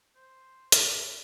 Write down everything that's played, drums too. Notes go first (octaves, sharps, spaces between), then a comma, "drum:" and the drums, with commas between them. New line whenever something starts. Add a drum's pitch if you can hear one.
C5
drum: hi-hat